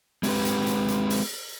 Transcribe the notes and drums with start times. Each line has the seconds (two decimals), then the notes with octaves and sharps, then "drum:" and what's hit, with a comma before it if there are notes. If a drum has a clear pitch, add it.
0.23 G#3 C4 G4 B4, drum: open hi-hat
0.45 drum: hi-hat
0.67 drum: hi-hat
0.88 drum: hi-hat
1.10 drum: open hi-hat